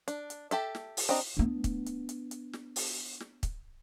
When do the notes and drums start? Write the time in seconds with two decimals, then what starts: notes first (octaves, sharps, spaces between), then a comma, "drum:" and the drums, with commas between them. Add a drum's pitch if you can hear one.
0.08 D4, drum: hi-hat
0.30 drum: hi-hat
0.51 G4 A4 E5, drum: hi-hat
0.75 drum: snare
0.97 drum: open hi-hat
1.09 C4 D4 D#5 A#5
1.37 B3 D4
1.64 drum: kick, hi-hat
1.86 drum: hi-hat
2.09 drum: hi-hat
2.31 drum: hi-hat
2.53 drum: snare
2.76 drum: open hi-hat
3.20 drum: snare
3.43 drum: kick, hi-hat